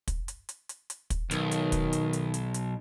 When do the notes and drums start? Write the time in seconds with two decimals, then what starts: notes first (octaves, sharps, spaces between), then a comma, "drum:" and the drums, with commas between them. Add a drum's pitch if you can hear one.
0.08 drum: kick, hi-hat
0.28 drum: hi-hat
0.49 drum: hi-hat
0.69 drum: hi-hat
0.90 drum: hi-hat
1.10 drum: kick, hi-hat
1.31 B1 D#3, drum: hi-hat
1.51 drum: hi-hat
1.72 drum: kick, hi-hat
1.93 drum: hi-hat
2.13 drum: hi-hat
2.34 drum: hi-hat
2.54 drum: hi-hat